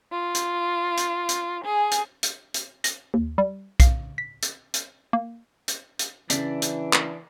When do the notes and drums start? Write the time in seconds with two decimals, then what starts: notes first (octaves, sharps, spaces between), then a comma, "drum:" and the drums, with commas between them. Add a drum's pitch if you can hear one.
0.12 F4
0.35 drum: hi-hat
0.97 drum: hi-hat
1.29 drum: hi-hat
1.65 G#4
1.91 drum: hi-hat
2.23 drum: hi-hat
2.54 drum: hi-hat
2.84 A#6, drum: hi-hat
3.14 D#2
3.38 G3
3.80 F5, drum: kick B1, hi-hat
4.18 B6
4.42 drum: hi-hat
4.74 drum: hi-hat
5.13 A#3
5.68 drum: hi-hat
5.99 drum: hi-hat
6.30 C#3 E3 D4 D5 E5, drum: hi-hat
6.62 drum: hi-hat
6.93 drum: clap